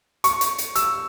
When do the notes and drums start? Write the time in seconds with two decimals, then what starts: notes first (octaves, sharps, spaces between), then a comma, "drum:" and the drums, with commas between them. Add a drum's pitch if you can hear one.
0.24 C#6, drum: hi-hat
0.41 drum: hi-hat
0.58 drum: hi-hat
0.75 E6, drum: hi-hat